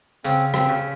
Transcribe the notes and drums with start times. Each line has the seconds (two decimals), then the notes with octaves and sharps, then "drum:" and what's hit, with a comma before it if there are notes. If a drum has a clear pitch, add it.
0.24 C#3 C4, drum: hi-hat
0.54 C4, drum: rim click
0.69 C#3